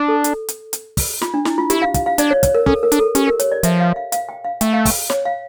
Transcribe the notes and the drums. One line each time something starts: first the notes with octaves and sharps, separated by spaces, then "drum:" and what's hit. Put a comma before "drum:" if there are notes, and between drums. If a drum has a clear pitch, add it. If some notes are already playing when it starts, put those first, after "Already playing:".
Already playing: D4
A4
drum: hi-hat
drum: hi-hat
drum: hi-hat
drum: kick, open hi-hat
F4, drum: snare
D4
E4, drum: snare
F4
E4 G4, drum: hi-hat
F5
F5, drum: kick, hi-hat
F5
D4 D5, drum: hi-hat
C#5
C#5, drum: kick, hi-hat
A#4
C#4 A4, drum: kick
A#4
D4, drum: hi-hat
A4
C#4 G4, drum: hi-hat
A#4
C#5, drum: hi-hat
D5
F3 E5, drum: hi-hat
F5
F5
F5, drum: hi-hat
G5
F5
A3 G5, drum: hi-hat
F5
G5, drum: kick, open hi-hat
C#5, drum: snare
F5